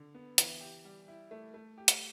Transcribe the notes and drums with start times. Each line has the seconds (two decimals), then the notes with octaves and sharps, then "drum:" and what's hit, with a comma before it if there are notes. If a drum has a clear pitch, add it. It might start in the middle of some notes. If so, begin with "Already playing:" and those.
Already playing: D3
0.15 B3
0.38 E3, drum: hi-hat
0.61 G4
0.85 G3
1.08 E4
1.31 A3
1.54 A3
1.78 G4
1.88 drum: hi-hat